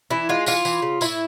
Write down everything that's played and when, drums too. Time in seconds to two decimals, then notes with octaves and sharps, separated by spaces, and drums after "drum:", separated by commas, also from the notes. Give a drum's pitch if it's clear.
0.11 E3 E4
0.29 G#3 F4
0.46 E3 F4, drum: tambourine
0.65 E3, drum: tambourine
0.82 C#3
1.01 A2 E4, drum: tambourine